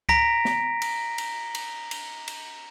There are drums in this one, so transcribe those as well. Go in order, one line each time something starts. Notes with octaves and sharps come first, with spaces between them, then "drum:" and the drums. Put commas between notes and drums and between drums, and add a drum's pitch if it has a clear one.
A#5 A#6 B6 D7, drum: kick C#2
drum: snare
drum: cymbal
drum: cymbal
drum: cymbal
drum: cymbal
drum: cymbal